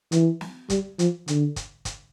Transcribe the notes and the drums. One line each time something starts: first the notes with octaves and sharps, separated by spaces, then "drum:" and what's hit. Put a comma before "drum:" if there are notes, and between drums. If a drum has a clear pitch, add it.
E3, drum: hi-hat
drum: snare
G3, drum: kick, hi-hat
F3, drum: hi-hat
D3, drum: hi-hat
drum: kick, hi-hat
drum: kick, hi-hat